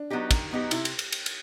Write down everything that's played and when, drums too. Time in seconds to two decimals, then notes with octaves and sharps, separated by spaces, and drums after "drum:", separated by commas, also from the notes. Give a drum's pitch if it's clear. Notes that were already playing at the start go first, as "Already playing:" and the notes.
Already playing: D4
0.10 F#3 B3 D#4 G4
0.31 D#3, drum: kick, cymbal
0.51 F#3 B3 D#4 G4
0.71 C3 E4, drum: cymbal
0.85 drum: cymbal
0.99 drum: cymbal
1.12 drum: cymbal
1.26 drum: cymbal